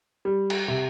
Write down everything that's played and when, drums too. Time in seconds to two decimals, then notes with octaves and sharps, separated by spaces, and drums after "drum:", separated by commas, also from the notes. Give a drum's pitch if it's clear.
0.25 G3
0.50 drum: cymbal
0.68 C3